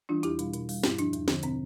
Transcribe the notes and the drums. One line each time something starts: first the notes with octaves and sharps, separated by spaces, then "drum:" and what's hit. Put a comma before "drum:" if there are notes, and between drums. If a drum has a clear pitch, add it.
E3 G3 D4 F4
E2 E4 G4, drum: hi-hat
B2 G3, drum: hi-hat
B2, drum: hi-hat
G3, drum: open hi-hat
G2 E4 G4, drum: snare
F3 D4, drum: hi-hat
E2, drum: hi-hat
D3 F3, drum: snare
B2 C4, drum: hi-hat